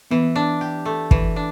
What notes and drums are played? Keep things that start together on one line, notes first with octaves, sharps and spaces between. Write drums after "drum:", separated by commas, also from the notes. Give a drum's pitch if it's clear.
E3 B3
D4
G4
A3
E3, drum: kick
D4